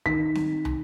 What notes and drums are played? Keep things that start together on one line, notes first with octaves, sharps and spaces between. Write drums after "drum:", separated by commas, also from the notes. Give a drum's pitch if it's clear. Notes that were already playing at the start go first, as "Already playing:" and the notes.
D#3 B6, drum: kick
drum: snare C4
drum: tom